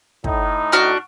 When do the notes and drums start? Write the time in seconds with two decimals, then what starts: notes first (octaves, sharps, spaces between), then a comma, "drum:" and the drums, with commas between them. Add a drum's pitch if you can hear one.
0.24 A2 D#4, drum: kick
0.72 D4 F#4 F6